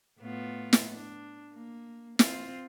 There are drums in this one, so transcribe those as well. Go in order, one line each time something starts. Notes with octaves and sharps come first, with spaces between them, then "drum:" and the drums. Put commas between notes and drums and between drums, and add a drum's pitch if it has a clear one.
A2 B3 F4
drum: snare
D4
A#3
C4 F4, drum: snare